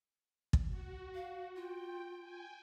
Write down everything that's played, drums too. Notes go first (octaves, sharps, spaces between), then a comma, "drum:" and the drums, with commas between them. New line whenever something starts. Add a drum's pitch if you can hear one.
drum: kick
F#4
F5
F4 G5
G5 G#5